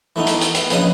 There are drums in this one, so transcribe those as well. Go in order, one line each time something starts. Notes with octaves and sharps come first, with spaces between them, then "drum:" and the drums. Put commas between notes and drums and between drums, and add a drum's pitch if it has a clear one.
E3 A3 B3 D#4
drum: hi-hat
drum: hi-hat
B3, drum: hi-hat
A#1 C#3 B4 D#5 D#6, drum: hi-hat